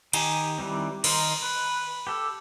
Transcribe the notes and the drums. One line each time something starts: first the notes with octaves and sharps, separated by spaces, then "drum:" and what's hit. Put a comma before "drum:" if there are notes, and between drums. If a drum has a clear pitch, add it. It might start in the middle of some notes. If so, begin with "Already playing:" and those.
D#3 D#4 G4 G#5, drum: cymbal
D#3 E3 G3 C4
D#3 D#4 A#4 C5 C6, drum: cymbal
B4
G4 A4